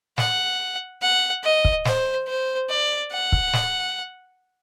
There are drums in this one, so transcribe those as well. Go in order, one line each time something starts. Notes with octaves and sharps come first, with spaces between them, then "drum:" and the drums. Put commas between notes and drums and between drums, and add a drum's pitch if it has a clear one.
F#5, drum: snare
F#5
D#5
drum: kick
C5, drum: snare
C5
D5
F#5
drum: kick
drum: snare